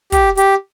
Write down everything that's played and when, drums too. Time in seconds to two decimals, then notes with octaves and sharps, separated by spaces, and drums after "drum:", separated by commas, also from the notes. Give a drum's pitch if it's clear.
0.12 G4, drum: kick, hi-hat
0.37 G4, drum: hi-hat